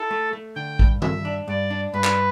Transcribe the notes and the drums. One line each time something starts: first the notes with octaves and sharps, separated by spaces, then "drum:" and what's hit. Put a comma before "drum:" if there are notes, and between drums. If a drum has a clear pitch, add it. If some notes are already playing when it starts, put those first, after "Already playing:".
Already playing: E4 A4
A3
A3
D3 G5
G2, drum: kick
G2 E5, drum: tom D#3
D4
G2 D5
D4
G2 B4
drum: clap